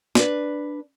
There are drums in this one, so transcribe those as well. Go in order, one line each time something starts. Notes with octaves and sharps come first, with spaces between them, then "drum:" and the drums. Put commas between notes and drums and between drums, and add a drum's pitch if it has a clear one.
D4 B4, drum: snare